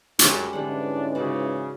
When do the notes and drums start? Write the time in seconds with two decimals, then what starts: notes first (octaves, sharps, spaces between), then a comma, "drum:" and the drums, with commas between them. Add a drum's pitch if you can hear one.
0.19 F#2 G3 G#3 C#4, drum: hi-hat
0.53 G#2 D3 E3 G3 C#4 D4 F#5
1.15 C#3 D#4 F#4 D5